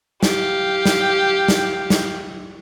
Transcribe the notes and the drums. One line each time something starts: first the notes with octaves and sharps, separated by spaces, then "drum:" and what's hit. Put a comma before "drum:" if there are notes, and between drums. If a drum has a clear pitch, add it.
G4 F5, drum: snare
drum: snare
drum: snare
drum: snare